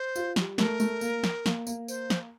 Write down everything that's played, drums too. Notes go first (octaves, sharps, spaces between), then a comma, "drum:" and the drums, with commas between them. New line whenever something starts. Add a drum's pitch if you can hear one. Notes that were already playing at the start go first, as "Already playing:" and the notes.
Already playing: C5
F4, drum: tambourine
G3, drum: snare
A3 A#4, drum: snare
A3, drum: tambourine
A#3, drum: tambourine
drum: snare
A#3, drum: snare
A#3, drum: tambourine
C5, drum: tambourine
drum: snare